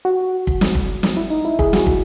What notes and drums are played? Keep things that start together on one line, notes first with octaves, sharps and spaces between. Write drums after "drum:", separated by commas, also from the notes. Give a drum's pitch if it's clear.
F#4
drum: kick
drum: snare
drum: kick
drum: snare
E4
D#4
E4
G#4, drum: kick
F#4, drum: snare
drum: kick